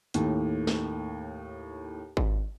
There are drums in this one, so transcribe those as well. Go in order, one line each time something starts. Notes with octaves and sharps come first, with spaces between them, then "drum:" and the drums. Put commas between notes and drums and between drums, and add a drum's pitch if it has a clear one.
D#2 A2, drum: hi-hat
drum: snare
drum: kick G#1